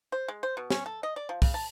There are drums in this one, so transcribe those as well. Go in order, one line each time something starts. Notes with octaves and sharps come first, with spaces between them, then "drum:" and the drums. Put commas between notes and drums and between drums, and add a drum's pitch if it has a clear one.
C5
G#3
C5
B2
C#4, drum: snare
A4
D#5
D5
F3
C#3, drum: kick, open hi-hat
A5